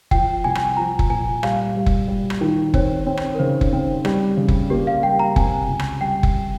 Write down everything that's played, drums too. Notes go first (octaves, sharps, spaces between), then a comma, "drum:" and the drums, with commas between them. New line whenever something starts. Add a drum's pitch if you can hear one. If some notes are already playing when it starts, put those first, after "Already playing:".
F3 G5, drum: kick F#1
C2 G#5
drum: rim click
F3 A#5
drum: kick F#1
A#2 G#5
G3 F5, drum: rim click
G3
drum: kick F#1
G3
drum: rim click
D#3
C4 C#5, drum: kick F#1
C4 C#5
drum: rim click
A#4
C#3 C5
drum: kick F#1
C4
G3, drum: rim click
C#3
drum: kick F#1
A#3 G4
F5
G3 G5
A#5
C3 G#5, drum: kick F#1
C#2
drum: rim click
G3 G5
drum: kick F#1